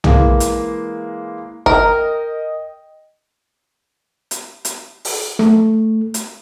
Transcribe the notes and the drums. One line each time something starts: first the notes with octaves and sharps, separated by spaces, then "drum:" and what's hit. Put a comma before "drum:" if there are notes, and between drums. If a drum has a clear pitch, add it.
E3 G#3 A#3, drum: tom B1
drum: hi-hat
A#4 D#5 G5, drum: kick G#1
drum: hi-hat
drum: hi-hat
drum: open hi-hat
A3, drum: snare
drum: hi-hat